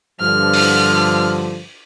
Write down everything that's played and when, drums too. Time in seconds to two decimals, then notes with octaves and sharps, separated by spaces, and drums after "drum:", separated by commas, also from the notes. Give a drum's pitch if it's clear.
0.21 G2 D3 F3 F6
0.53 drum: open hi-hat